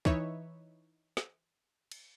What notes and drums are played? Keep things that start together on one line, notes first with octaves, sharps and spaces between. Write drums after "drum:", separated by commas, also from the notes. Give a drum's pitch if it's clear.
E3 D#4 B4 C#5 E5, drum: kick
drum: snare
drum: cymbal